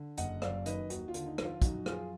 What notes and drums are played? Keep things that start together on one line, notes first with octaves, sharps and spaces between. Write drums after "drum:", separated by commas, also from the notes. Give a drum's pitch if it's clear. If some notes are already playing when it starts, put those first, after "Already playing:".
Already playing: D3
F#1 D#5 F#5, drum: hi-hat
F#2 D5 F5, drum: rim click
D#3 B4 D#5, drum: hi-hat
D#2 D#4 F#4, drum: hi-hat
F4
D3, drum: hi-hat
D#4
F3, drum: rim click
F4
F#2 D#4 F#4, drum: kick, hi-hat
F3 F4 G#4, drum: rim click